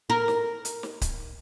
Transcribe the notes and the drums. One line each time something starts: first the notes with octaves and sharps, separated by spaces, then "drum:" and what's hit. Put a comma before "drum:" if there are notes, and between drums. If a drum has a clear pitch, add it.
A#4
drum: snare
drum: hi-hat
drum: snare
drum: kick C#1, hi-hat